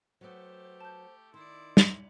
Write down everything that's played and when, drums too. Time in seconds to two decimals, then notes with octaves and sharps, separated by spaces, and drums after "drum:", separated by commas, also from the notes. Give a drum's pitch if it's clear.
0.21 F#3 A3 B3 G4 C5
0.81 A5 G6
1.34 D#3 E4 D5 C6
1.77 drum: snare